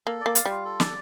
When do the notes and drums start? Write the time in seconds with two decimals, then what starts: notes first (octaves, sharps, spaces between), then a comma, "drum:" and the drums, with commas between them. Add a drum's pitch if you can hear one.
0.07 A#3 A4
0.20 D5
0.26 A#3
0.35 F5, drum: hi-hat
0.46 G3 F4
0.65 A4
0.80 D5, drum: snare